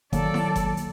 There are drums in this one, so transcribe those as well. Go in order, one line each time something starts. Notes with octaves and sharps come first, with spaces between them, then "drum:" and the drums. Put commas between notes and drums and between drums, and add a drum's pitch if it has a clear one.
D#3 F#3 A#3 A4 D5, drum: kick G1, hi-hat
drum: snare E4
drum: kick G1, hi-hat
drum: hi-hat